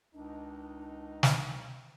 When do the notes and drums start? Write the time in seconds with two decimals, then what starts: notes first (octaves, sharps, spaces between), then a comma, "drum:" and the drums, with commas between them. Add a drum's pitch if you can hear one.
0.14 C#2 D#3 D4 D#4
1.23 drum: snare